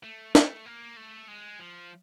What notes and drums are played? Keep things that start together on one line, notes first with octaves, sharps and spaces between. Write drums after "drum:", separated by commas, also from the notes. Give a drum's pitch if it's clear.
A3
A3, drum: snare
A#3
A3
G#3
F3